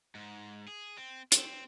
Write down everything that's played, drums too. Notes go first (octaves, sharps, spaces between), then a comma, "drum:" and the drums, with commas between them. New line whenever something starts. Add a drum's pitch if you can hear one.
G#2
G#4
C4
C4, drum: hi-hat